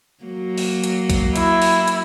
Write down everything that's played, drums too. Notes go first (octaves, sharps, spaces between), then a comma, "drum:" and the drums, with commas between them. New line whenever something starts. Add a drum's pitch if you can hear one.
F#3 A#3
drum: open hi-hat
drum: hi-hat
drum: kick, hi-hat
E4, drum: hi-hat
drum: open hi-hat
drum: hi-hat